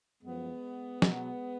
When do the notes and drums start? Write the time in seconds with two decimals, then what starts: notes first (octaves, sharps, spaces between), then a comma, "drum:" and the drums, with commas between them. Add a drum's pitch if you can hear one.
0.22 F#2 F3 G#3 B3
1.02 B2 F#3, drum: snare